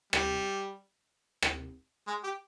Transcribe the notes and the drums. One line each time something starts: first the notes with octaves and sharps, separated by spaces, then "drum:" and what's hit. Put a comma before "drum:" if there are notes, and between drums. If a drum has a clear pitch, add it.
G3, drum: rim click
drum: rim click
G#3
G4